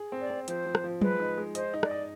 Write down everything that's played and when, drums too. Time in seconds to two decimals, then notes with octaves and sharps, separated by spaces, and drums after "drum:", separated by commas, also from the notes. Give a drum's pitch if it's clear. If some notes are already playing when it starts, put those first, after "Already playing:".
Already playing: G#4
0.12 C4
0.21 D5
0.30 C4
0.48 F3 C5, drum: hi-hat
0.66 F3
0.75 drum: rim click
0.84 F3
1.01 G#3 B4, drum: tom F#3
1.20 D#4
1.37 G#3
1.55 C5 D#5, drum: hi-hat
1.74 D#4
1.83 D5, drum: rim click
1.91 D#5